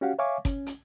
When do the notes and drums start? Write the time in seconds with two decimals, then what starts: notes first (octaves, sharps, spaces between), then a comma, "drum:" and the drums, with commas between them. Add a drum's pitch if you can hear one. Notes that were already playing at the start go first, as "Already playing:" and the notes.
0.01 C#4 F#4 G4 F5 F#5
0.19 C#5 E5 F5 G#5 C#6 D6
0.45 C#4, drum: kick, hi-hat
0.66 drum: hi-hat